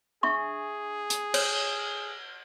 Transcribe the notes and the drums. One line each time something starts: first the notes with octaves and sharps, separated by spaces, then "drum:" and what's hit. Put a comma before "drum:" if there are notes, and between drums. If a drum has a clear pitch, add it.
D4 G#4 E5 C#6
drum: hi-hat
C#5, drum: cymbal